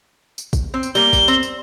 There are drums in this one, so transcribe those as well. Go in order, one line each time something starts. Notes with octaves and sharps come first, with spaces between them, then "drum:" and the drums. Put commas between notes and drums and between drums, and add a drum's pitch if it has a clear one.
drum: tambourine
drum: kick, tambourine
C4
drum: tambourine
G3 A#3 G7, drum: tambourine
drum: kick, tambourine
C4, drum: tambourine
drum: tambourine